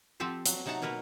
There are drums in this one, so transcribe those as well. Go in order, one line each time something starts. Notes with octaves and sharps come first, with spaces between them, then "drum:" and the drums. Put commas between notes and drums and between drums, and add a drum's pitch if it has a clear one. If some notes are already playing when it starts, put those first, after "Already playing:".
F3 C4 G4 A4 C5
F#3, drum: hi-hat
C3 F#3 D#4 F#5 A5 A#5
B2 A#3 A#4 B4 C#5